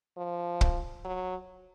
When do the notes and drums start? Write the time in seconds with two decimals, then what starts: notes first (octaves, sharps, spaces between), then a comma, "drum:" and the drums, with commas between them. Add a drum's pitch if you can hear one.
0.17 F3
0.61 drum: kick
1.05 F#3